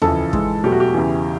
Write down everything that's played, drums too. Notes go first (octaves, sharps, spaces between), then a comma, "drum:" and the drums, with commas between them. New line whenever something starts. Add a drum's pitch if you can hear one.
F2 C#3 E3 A4, drum: tom D#2
G#2 E3 G#3, drum: kick
E2 B2 F#3 A3 G4
F#4
G4
E2 C#3 E3